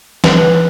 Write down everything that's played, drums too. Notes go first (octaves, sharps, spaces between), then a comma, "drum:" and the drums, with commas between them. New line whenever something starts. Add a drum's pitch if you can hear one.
B4, drum: snare